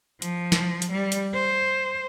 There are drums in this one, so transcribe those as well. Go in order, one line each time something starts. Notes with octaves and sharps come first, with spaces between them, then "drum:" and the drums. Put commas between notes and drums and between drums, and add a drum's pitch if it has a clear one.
F3, drum: hi-hat
drum: snare
drum: hi-hat
G3
drum: hi-hat
C5